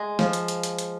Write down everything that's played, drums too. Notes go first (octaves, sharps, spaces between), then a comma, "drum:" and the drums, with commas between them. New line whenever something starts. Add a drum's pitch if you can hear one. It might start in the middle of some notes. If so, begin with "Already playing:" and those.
Already playing: G#3
F3, drum: snare
drum: hi-hat
drum: hi-hat
drum: hi-hat
drum: hi-hat